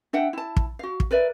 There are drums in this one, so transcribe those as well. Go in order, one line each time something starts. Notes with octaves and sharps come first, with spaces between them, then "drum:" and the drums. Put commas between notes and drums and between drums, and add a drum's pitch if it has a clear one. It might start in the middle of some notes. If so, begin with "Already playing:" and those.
D4 E5 F#5 G5
E4 A5
drum: kick
F#4 F5
drum: kick
A#4 B4 D5 E5